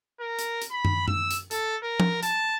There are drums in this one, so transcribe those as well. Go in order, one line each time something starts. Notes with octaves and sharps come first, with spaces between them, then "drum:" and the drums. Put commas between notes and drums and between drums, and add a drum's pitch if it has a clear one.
A#4
drum: hi-hat
drum: hi-hat
B5
drum: tom F#2
E6, drum: tom F#2
drum: hi-hat
A4, drum: hi-hat
A#4
drum: tom F3
A5, drum: hi-hat